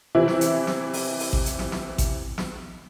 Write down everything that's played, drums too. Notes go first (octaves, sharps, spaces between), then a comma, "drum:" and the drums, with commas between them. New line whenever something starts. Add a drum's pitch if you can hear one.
C3 E3 E4
drum: snare
drum: hi-hat
drum: snare
drum: open hi-hat
drum: open hi-hat
drum: kick A1
drum: hi-hat
drum: snare
drum: snare
drum: kick A1, hi-hat
drum: snare